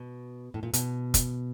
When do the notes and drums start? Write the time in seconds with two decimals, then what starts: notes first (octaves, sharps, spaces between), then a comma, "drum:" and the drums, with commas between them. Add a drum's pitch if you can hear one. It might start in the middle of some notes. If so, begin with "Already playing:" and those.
Already playing: B2
0.54 A2
0.63 A#2
0.73 B2, drum: hi-hat
1.14 drum: kick, hi-hat